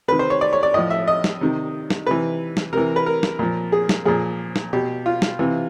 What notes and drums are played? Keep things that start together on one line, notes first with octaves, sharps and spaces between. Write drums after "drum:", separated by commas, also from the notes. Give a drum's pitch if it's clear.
C3 D#3 B4
C5
C#5
D5
C#5
D5
A2 F3 D#5
E5
D#5
drum: snare
C3 D#3
drum: snare
C3 E3 B4
drum: snare
C3 E3 A#4
B4
A#4
drum: snare
A#2 F3
G#4
drum: snare
A#2 F3 G#4
drum: snare
B2 G4
F4
drum: snare
C3 E3